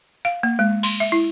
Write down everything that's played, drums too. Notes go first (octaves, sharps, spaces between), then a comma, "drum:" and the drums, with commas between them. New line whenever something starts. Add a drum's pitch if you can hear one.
F5
A#3
G#3
C6, drum: cymbal
E5
E4